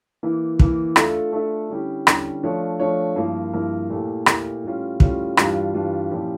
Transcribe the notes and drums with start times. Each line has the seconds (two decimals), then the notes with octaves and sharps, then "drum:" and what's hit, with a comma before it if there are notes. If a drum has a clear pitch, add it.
0.23 E3 A#3 E4
0.59 E3 A#3 E4, drum: kick
0.96 A3 D4 F4 A4 E5, drum: rim click
1.32 A3 D4 F4 A4 E5
1.69 D3 G3 C#4 E4 G4
2.07 D3 G3 C#4 E4 G4, drum: rim click
2.43 F3 A3 D4 F4 C#5
2.80 F3 A3 D4 F4 C#5
3.16 G2 F3 A#3 E4 A#4
3.53 G2 F3 A#3 E4 A#4
3.90 A#2 A3 E4 G4 A#4
4.26 A#2 A3 E4 G4 A#4, drum: rim click
4.63 A2 G3 C#4 F4
5.00 A2 G3 C#4 F4, drum: kick
5.37 G2 E3 G3 D4 F4, drum: rim click
5.74 G2 E3 G3 D4 F4
6.10 A#2 F3 C#4 E4 G4